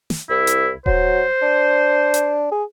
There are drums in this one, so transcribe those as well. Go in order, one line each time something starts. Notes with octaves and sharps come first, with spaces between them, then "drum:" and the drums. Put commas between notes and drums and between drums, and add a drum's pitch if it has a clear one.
drum: snare
C2 E4
drum: hi-hat
F#3 C5, drum: kick D#1
D4
drum: hi-hat
G#4